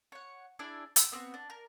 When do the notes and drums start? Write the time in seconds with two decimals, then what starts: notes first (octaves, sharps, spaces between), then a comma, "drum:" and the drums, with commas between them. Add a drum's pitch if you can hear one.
0.12 C#5 F#5
0.59 D4 E4 G#4 D5
0.96 E6, drum: hi-hat
1.12 B3 C4 F#4
1.34 D4
1.50 A#4